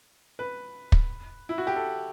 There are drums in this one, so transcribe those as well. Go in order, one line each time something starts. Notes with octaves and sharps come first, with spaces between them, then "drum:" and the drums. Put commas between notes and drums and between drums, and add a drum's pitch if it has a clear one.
B4
drum: kick
E4
F#4
G4
A4